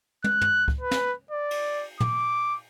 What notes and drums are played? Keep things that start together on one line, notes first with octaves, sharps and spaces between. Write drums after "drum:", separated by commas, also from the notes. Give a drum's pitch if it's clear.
F#6, drum: tom
drum: tom
drum: kick C#2
B4
drum: snare
D5
drum: cymbal
D6, drum: tom